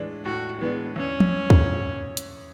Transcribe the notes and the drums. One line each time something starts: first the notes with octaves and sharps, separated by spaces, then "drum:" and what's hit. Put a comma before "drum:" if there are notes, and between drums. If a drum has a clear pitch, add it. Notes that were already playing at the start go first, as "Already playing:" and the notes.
Already playing: A2 E3 G#3 D4
A2 F#4
E3 G#3 B3 D4
E2 C#4
drum: tom
drum: kick
drum: hi-hat